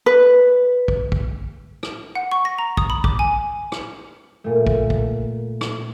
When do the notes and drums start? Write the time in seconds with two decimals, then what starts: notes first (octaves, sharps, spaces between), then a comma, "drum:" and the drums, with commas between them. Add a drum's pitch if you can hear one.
0.06 B4
0.88 drum: kick
1.12 drum: kick
1.83 drum: rim click
2.15 F#5
2.32 C#6
2.45 A#6
2.59 A#5
2.77 D#6, drum: kick
2.90 B5
3.04 D6, drum: kick
3.19 G#5
3.72 drum: rim click
4.44 A#2 A3
4.67 drum: kick
4.90 drum: kick
5.61 drum: rim click